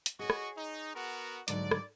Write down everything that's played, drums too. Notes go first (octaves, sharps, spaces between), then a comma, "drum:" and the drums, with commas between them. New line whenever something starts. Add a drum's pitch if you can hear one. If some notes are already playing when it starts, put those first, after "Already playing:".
drum: hi-hat
F#4 G#4 C#5 D#5 C#6
drum: rim click
D#4
B3 F#4 A#4
G#2 D3 F#3 D5, drum: hi-hat
drum: rim click